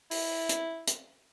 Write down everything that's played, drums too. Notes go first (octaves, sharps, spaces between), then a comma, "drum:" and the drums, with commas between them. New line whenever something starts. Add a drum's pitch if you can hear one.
E4, drum: open hi-hat
drum: hi-hat
drum: hi-hat